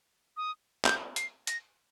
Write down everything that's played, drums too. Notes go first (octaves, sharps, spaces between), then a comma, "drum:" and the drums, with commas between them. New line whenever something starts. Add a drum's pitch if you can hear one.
D#6
G6, drum: clap
C7, drum: hi-hat
A#6, drum: hi-hat